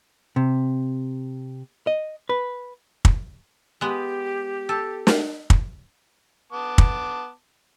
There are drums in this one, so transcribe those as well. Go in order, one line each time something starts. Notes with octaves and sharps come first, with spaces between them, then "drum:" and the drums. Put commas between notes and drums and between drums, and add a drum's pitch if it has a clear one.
C3
D#5
B4
drum: kick
G#3 B3 G4
A4
drum: snare
drum: kick
B3 A5 D6
drum: kick